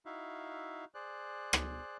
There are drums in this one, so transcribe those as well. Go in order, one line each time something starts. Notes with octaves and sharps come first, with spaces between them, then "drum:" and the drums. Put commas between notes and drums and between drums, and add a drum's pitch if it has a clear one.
D#4 E4 F#4 E5 F5
G#4 C5 D5 F#6
drum: rim click